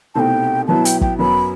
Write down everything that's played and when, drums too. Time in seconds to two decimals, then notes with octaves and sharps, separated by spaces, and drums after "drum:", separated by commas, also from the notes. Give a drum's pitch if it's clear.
0.15 C2 B2 A3 C4 D#4 G5 A5
0.68 B2 F#3 B3 E4 A5
0.85 G5, drum: hi-hat
1.01 G5, drum: kick
1.19 F#2 F#3 B3 B5